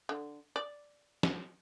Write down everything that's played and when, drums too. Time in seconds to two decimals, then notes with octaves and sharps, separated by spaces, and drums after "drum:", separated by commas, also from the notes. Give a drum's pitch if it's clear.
0.09 D3
0.56 D5
1.23 drum: snare